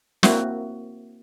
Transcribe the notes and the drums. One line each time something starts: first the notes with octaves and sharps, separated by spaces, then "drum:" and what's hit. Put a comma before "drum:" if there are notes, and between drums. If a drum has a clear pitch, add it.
A#3 C4 E4 F#4, drum: snare